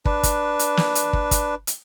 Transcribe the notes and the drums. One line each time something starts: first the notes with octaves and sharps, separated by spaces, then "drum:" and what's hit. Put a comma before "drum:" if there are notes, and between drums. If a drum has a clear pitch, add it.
D4 B4, drum: kick
drum: kick, hi-hat
drum: hi-hat
drum: snare
drum: hi-hat
drum: kick
drum: kick, hi-hat
drum: hi-hat